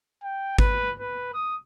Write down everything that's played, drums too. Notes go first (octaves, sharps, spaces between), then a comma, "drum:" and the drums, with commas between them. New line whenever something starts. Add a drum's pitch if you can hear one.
G5
B4, drum: kick G#1
B4
D#6